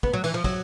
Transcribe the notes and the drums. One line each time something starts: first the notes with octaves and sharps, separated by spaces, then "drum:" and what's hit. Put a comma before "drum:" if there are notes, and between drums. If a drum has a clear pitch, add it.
B3, drum: kick
F#3
E3, drum: cymbal
F3
F#3, drum: kick, cymbal